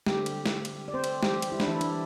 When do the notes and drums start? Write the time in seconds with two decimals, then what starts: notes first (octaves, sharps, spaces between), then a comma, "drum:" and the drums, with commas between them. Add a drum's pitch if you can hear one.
0.07 D3 G3 A3 C4 G4, drum: snare
0.26 drum: cymbal
0.46 drum: snare
0.65 drum: cymbal
0.88 D5
0.94 C4 C5
1.04 drum: cymbal
1.23 E3 G3 C4 G4, drum: snare
1.42 drum: cymbal
1.52 E4
1.60 D4, drum: snare
1.67 E3 E4
1.81 D4, drum: cymbal